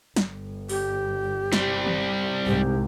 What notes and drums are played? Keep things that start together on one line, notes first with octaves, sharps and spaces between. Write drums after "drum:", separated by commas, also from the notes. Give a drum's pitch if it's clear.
G1, drum: snare
G4, drum: open hi-hat
G3 C4, drum: snare
drum: tom
C2 G#2 C3 G4